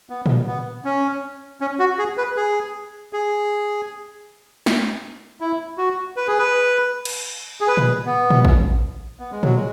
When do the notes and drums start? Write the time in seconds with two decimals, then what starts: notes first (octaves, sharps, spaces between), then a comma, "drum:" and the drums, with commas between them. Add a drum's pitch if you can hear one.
0.10 B3
0.26 drum: tom A#2
0.47 B3
0.85 C#4
1.61 C#4
1.79 F#4
1.98 G#4
2.18 B4
2.37 G#4
3.13 G#4
4.66 drum: snare
5.41 E4
5.78 F#4
6.16 B4
6.28 G#4
6.39 B4
7.05 drum: cymbal
7.61 G#4
7.68 B4
7.77 drum: tom A#2
8.06 B3
8.30 drum: tom A#2
8.45 drum: kick
9.19 B3
9.31 G#3
9.43 F#3, drum: tom A#2
9.55 G#3